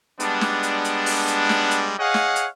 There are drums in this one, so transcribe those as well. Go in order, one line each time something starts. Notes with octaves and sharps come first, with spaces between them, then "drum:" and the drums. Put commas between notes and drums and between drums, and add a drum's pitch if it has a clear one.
G3 G#3 B3 D4, drum: hi-hat
drum: snare
drum: hi-hat
drum: hi-hat
drum: open hi-hat
drum: hi-hat
drum: snare
drum: hi-hat
G#4 C#5 D#5 F5 F#5
drum: snare
drum: hi-hat